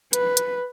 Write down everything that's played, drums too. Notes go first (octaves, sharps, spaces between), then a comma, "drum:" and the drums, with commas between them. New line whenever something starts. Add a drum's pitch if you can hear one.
B4, drum: hi-hat
drum: hi-hat